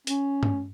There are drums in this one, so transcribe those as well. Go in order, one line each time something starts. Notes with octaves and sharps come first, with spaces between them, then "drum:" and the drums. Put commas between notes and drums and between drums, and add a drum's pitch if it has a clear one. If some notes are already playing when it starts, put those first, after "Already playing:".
C#4, drum: hi-hat
drum: tom G2